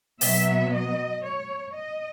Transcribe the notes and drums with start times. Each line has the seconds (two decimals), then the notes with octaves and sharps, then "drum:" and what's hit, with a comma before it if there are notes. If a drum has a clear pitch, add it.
0.21 B2 F#3 B3 E5, drum: open hi-hat
0.73 D#5
1.24 C#5
1.75 D#5